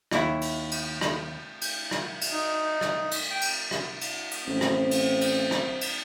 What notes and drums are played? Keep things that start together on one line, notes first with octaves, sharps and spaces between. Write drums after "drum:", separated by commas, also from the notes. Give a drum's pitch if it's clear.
D#2 E4, drum: rim click
drum: cymbal
drum: cymbal
drum: rim click
drum: cymbal
drum: rim click
drum: cymbal
D#4
drum: rim click
drum: cymbal
G5
drum: cymbal
drum: rim click
drum: cymbal
drum: cymbal
A1 C4
drum: rim click
drum: cymbal
drum: cymbal
drum: rim click
drum: cymbal